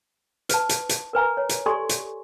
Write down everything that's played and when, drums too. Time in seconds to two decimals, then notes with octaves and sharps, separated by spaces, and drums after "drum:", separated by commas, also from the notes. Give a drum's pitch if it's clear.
0.49 B4 A5, drum: hi-hat
0.69 drum: hi-hat
0.89 drum: hi-hat
1.13 A#4 B4 G#5 A#5
1.37 C#5
1.49 drum: hi-hat
1.66 G4 A4 D5 G#5 C6 C#6
1.89 drum: hi-hat